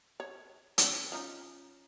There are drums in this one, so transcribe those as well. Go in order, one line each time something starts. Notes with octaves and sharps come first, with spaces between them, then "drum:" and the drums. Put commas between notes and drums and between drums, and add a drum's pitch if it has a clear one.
C#5
C#3, drum: hi-hat
F3 C#4 D#4